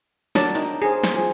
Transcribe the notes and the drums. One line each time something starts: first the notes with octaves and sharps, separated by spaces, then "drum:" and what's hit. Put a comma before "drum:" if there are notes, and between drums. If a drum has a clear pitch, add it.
F#3 D4 A#4 D5 A5, drum: snare
D#4 G5 D#6, drum: open hi-hat
G#4 C5 F5
drum: snare
F3 G#4 D#6